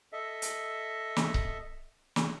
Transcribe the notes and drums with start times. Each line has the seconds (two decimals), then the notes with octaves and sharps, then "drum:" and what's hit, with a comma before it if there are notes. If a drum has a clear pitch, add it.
0.13 A4 D#5 E5
0.42 drum: hi-hat
1.16 drum: snare
1.34 drum: kick C#1
2.16 drum: snare